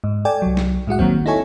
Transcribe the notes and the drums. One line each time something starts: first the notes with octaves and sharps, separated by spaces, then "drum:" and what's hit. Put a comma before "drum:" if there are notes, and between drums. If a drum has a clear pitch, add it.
G#2
A4 D5 G5 G#5
C2 F#3
drum: snare
A2 G#3 F#4 F#5
D#3 F#3 A#3 C4, drum: kick
D#4 E4 A4 C#5 G#5 C#6